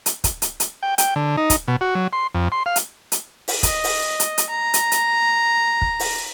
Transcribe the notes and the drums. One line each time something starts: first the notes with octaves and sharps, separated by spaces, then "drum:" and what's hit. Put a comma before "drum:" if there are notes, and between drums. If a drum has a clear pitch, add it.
drum: hi-hat
drum: kick, hi-hat
drum: hi-hat
drum: hi-hat
G5
G5, drum: hi-hat
D3
D#4
drum: kick, hi-hat
B2
F#4
F#3
C6
F2
C6
F5
drum: hi-hat
drum: hi-hat
drum: open hi-hat
D#5, drum: kick, hi-hat
drum: open hi-hat
drum: hi-hat
drum: hi-hat
A#5
drum: hi-hat
drum: hi-hat
drum: kick
drum: open hi-hat